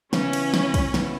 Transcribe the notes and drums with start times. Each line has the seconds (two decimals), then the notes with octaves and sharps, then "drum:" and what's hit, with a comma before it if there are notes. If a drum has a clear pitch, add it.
0.13 C#3 E3 B3 C#4 E4, drum: snare
0.33 drum: cymbal
0.54 drum: snare
0.74 drum: kick, cymbal
0.94 C#3 E3 B3 E4, drum: snare